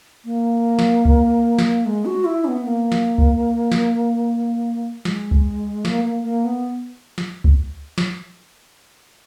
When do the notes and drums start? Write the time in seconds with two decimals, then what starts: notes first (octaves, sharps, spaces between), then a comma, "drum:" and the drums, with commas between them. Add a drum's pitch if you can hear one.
0.25 A#3
0.79 drum: snare
1.05 drum: kick C#2
1.59 drum: snare
1.86 G#3
2.05 F#4
2.25 E4
2.45 C#4
2.48 B3
2.65 A#3
2.92 drum: snare
3.18 drum: kick C#2
3.72 drum: snare
5.05 G#3, drum: snare
5.31 drum: kick C#2
5.85 A#3, drum: snare
6.04 A#3
6.24 A#3
6.45 B3
7.18 drum: snare
7.44 drum: kick C#2
7.98 drum: snare